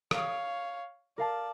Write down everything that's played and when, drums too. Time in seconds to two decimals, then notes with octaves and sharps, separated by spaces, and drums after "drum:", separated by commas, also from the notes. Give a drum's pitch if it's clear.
0.11 C#5 F5, drum: rim click
1.18 A#4 D5 F5 A5